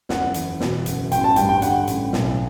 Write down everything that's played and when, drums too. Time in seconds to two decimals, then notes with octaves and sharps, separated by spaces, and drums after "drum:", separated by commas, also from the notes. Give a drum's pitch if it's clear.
0.09 F#1 F#5, drum: snare
0.34 E2, drum: hi-hat
0.60 B2, drum: snare
0.86 F#1, drum: hi-hat
1.12 A1 G5, drum: hi-hat
1.24 A5
1.36 G2 G5, drum: hi-hat
1.49 G5
1.62 D3 F#5, drum: hi-hat
1.87 A1, drum: hi-hat
2.13 B1, drum: snare